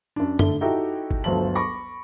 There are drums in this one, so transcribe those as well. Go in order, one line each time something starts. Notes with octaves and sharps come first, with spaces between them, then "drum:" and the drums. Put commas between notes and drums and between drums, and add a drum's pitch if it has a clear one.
F#2 D4
D3 A3 G7, drum: tom F#2
D#4 E4 F#4 G4 A4
drum: kick
G1 D2 F3 F#3 A5 F#7
B5 C#6 D6 A#6